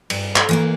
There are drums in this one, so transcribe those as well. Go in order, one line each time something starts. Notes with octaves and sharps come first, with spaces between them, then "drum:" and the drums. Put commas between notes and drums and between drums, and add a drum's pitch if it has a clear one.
G2, drum: cymbal
A4, drum: clap
E3 A#3 A#4